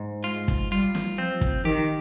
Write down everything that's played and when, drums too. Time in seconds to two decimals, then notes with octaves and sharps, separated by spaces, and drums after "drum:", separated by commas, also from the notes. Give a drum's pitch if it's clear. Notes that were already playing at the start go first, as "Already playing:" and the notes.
Already playing: G#2
0.24 G#3 F4
0.48 drum: kick
0.71 G3 F4
0.95 drum: snare
1.18 F3 C4
1.41 drum: kick
1.64 D#3 G4